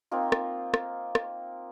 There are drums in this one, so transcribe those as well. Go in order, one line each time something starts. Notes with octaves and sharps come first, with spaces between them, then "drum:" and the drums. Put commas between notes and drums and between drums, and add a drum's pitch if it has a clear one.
A#3 C4 D#4 F4
drum: rim click
drum: rim click
drum: rim click